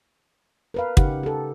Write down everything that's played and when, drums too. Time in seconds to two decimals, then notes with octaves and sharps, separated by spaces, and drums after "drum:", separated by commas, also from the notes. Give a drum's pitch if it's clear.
0.74 A#4 B4 F5
0.97 C#3 D#4 G4 F#5, drum: kick
1.23 G4 A4